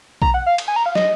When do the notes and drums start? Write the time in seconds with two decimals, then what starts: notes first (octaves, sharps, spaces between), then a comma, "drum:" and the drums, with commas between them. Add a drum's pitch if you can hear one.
0.22 A#5, drum: kick A#1
0.34 F#5
0.46 F5
0.58 drum: cymbal
0.68 G#5
0.76 A#5
0.86 F5
0.95 D#5, drum: snare